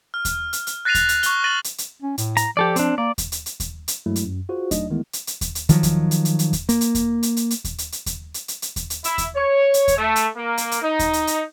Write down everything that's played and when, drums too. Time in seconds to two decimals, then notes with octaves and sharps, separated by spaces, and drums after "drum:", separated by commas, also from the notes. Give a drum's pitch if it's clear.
0.14 F6
0.25 drum: kick D#2, hi-hat
0.53 drum: hi-hat
0.67 drum: hi-hat
0.85 F#6 A6 A#6 C7 D#7 F7
0.95 drum: kick D#2, hi-hat
1.09 drum: hi-hat
1.23 C#6 G7, drum: hi-hat
1.44 F6 A6 A#6 D#7 F#7
1.64 drum: hi-hat
1.78 drum: hi-hat
2.02 C#4
2.18 A2, drum: hi-hat
2.37 A#5, drum: hi-hat
2.57 F3 G4 A4 D5
2.76 C4 D4, drum: hi-hat
2.98 A#3 D5
3.18 drum: kick D#2, hi-hat
3.32 drum: hi-hat
3.46 drum: hi-hat
3.60 drum: kick D#2, hi-hat
3.88 drum: hi-hat
4.06 G2 F#3 G#3 A3 E4
4.16 drum: hi-hat
4.25 F#2
4.49 F4 F#4 G#4 C5
4.71 F#3 A3 D4 D#4 D#5, drum: kick D#2, hi-hat
4.90 D#3 E3 G#3 A3 B3 E4
5.13 drum: hi-hat
5.27 drum: hi-hat
5.41 drum: kick D#2, hi-hat
5.55 drum: hi-hat
5.69 D#3 F3 F#3, drum: hi-hat
5.83 drum: kick D#2, hi-hat
6.11 drum: hi-hat
6.25 drum: hi-hat
6.39 drum: hi-hat
6.53 drum: kick D#2, hi-hat
6.69 A#3, drum: hi-hat
6.81 drum: hi-hat
6.95 drum: kick D#2, hi-hat
7.23 drum: hi-hat
7.37 drum: hi-hat
7.50 drum: hi-hat
7.64 drum: kick D#2, hi-hat
7.78 drum: hi-hat
7.92 drum: hi-hat
8.06 drum: kick D#2, hi-hat
8.34 drum: hi-hat
8.48 drum: hi-hat
8.62 drum: hi-hat
8.76 drum: kick D#2, hi-hat
8.90 drum: hi-hat
9.04 E4, drum: hi-hat
9.18 drum: kick D#2, hi-hat
9.36 C#5
9.74 drum: hi-hat
9.88 drum: kick D#2, hi-hat
9.97 A3
10.16 drum: hi-hat
10.36 A#3
10.58 drum: hi-hat
10.71 drum: hi-hat
10.82 D#4
10.99 drum: kick D#2, hi-hat
11.13 drum: hi-hat
11.27 drum: hi-hat